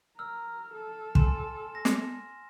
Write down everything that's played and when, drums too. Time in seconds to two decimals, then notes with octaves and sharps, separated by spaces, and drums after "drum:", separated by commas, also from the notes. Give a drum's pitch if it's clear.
0.19 A#4 E6 F6
0.74 A4
1.15 G#5 C6 E7, drum: kick
1.75 A#6
1.85 drum: snare